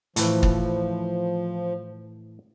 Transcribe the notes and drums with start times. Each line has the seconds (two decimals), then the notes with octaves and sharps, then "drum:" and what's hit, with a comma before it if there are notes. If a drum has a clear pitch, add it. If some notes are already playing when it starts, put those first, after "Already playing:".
0.16 A2 E3 F3, drum: hi-hat
0.43 drum: kick